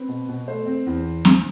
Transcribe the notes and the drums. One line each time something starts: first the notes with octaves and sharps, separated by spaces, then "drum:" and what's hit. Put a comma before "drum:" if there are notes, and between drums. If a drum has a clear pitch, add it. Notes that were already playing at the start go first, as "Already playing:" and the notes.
Already playing: C4 B4
B2
B2
A3 C5
C4
E2
drum: snare